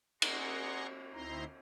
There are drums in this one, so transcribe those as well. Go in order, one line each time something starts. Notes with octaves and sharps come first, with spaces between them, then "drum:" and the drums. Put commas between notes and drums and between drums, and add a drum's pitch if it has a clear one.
G#4 D5 F#5 A#5 C6 C#6, drum: cymbal
D2 C4 D#4 E4 A#5 C6